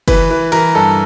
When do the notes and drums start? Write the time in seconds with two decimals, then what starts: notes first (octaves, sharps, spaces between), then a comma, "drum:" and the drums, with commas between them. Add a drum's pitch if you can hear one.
0.08 E3 B4, drum: kick, cymbal
0.30 E3
0.52 E3 A#4, drum: cymbal
0.75 G2 A4